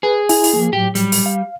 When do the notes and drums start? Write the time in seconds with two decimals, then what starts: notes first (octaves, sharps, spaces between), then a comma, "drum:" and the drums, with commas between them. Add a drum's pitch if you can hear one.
0.03 G#4 B4
0.29 E4 G#5, drum: open hi-hat
0.44 drum: open hi-hat
0.53 F3 A#3
0.73 A2 F#3 G4
0.95 G3, drum: hi-hat
1.12 drum: open hi-hat
1.26 F5